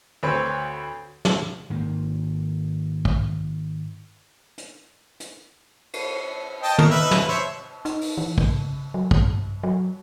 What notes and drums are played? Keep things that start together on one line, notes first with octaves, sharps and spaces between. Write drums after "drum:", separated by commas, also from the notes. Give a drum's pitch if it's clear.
D2 C4 B4 C#5 B5
drum: snare
G#2 D#3 A#3
drum: kick
drum: hi-hat
drum: hi-hat
drum: cymbal
D#5 G5 A5
A#4, drum: tom
D#4 B4 E5
B4, drum: snare
C5 C#5 E5
D#4, drum: hi-hat
drum: open hi-hat
E3
C#3, drum: kick
F#3
G2, drum: kick
F#3